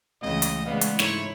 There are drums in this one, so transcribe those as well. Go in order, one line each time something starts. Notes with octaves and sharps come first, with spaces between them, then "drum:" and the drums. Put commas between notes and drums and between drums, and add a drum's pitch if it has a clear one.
C#2 C#3 E3 A3 D#5
drum: hi-hat
C#3 G#3 B3 B4 D5 F5
drum: hi-hat
G#2 A3 E4 C#5, drum: snare